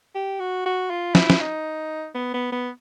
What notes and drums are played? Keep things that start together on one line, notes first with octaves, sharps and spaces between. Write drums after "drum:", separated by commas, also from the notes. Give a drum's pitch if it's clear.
G4
F#4
F#4
F4
E4, drum: snare
drum: snare
D#4
B3
B3
B3